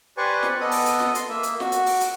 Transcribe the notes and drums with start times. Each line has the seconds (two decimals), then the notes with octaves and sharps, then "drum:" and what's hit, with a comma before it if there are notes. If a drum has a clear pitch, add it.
0.17 G4 B4 C5 D5 G#5 C#6
0.43 drum: snare
0.61 B3 A4 D#5 D#6
0.71 drum: open hi-hat
0.86 drum: hi-hat
1.00 drum: snare
1.15 C6, drum: hi-hat
1.29 A#3 E5
1.43 drum: hi-hat
1.60 F#4, drum: snare
1.72 drum: hi-hat
1.86 drum: open hi-hat
2.01 drum: hi-hat